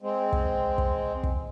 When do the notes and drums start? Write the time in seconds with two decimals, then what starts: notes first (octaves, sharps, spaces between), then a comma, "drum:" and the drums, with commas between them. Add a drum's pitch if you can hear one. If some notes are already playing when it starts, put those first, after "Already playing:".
0.02 G#3 C4
0.32 drum: kick
0.78 drum: kick
1.23 drum: kick